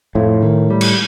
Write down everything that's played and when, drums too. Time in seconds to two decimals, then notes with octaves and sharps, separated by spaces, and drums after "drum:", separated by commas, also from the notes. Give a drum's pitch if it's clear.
0.15 F2 A2
0.42 D#3
0.70 G3
0.81 drum: cymbal